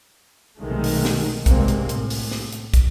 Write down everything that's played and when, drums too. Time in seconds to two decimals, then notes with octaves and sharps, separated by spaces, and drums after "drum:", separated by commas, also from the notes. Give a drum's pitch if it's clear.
0.60 B1 C3 D#3 G#3 A3
0.84 drum: open hi-hat
1.05 drum: snare
1.46 C2 G2 C3 G#3 A#3 C4, drum: kick, hi-hat
1.68 drum: hi-hat
1.89 A2, drum: hi-hat
2.10 drum: open hi-hat
2.31 drum: snare
2.52 drum: hi-hat
2.74 drum: kick, hi-hat